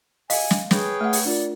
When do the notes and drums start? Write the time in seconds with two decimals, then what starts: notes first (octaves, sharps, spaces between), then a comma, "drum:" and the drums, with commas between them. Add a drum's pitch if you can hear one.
0.30 D#5 F5 G#5, drum: open hi-hat
0.51 drum: snare
0.71 G#4 B4 C#5 G5, drum: snare
1.01 A3 E5 F#5
1.13 drum: open hi-hat
1.25 D4 F4 A#4 D5